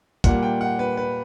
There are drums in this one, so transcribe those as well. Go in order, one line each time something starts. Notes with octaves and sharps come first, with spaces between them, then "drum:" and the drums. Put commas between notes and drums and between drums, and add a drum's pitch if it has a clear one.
A#2 G3 A#3 F#5, drum: kick, hi-hat
G5
F#5
B4
B4